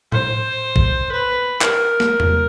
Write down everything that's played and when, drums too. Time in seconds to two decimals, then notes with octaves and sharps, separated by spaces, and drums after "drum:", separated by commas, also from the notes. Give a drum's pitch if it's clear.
0.12 C5, drum: tom A2
0.76 drum: kick
1.12 B4
1.62 A#4, drum: clap
2.00 drum: snare
2.20 drum: tom E2